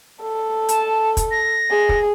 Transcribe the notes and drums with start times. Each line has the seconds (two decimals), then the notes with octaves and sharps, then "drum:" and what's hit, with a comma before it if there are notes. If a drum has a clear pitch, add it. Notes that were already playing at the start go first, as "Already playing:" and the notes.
0.22 A4
0.69 A5, drum: hi-hat
1.17 drum: kick, hi-hat
1.31 A#6
1.71 G#4
1.89 drum: kick